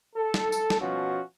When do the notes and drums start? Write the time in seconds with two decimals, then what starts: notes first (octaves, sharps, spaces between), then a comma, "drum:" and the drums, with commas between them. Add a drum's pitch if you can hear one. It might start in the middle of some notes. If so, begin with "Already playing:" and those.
0.16 A4
0.34 drum: snare
0.52 drum: tambourine
0.70 drum: snare
0.80 B2 F3 C#4 F#4